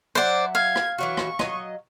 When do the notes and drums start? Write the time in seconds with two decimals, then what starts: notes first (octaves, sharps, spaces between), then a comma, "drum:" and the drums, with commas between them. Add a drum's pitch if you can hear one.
0.15 F#3 C5 D5 E5 F#5
0.55 F5 G#6
0.76 drum: rim click
0.98 E3 F#3 F#4 C#6
1.17 drum: rim click
1.39 F#3 D#5, drum: rim click